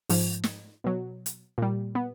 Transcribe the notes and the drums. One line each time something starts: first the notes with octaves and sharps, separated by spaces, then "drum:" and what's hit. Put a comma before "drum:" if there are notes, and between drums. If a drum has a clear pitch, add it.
G#2 F3, drum: open hi-hat
drum: snare
B2 F#3
drum: hi-hat
A#2 G3
B3